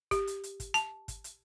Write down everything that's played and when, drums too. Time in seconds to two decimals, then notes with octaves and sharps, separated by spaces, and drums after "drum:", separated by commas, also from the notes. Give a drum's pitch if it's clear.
0.11 G4, drum: kick, hi-hat
0.27 drum: hi-hat
0.44 drum: hi-hat
0.60 drum: kick, hi-hat
0.74 A5, drum: hi-hat
1.08 drum: kick, hi-hat
1.24 drum: hi-hat